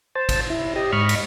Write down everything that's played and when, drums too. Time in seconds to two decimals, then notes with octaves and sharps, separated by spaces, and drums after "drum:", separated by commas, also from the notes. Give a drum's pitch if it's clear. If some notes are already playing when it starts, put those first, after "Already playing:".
0.15 C5 A5
0.29 drum: kick, cymbal
0.50 E4
0.76 G4 D#5
0.92 G#2 D#5 B5 C#6 F6
1.09 drum: cymbal